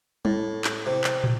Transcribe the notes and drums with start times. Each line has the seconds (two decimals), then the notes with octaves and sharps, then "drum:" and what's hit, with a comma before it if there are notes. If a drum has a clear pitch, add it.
0.25 A2, drum: tom G3
0.64 drum: clap
0.86 C3
1.04 drum: clap
1.24 drum: tom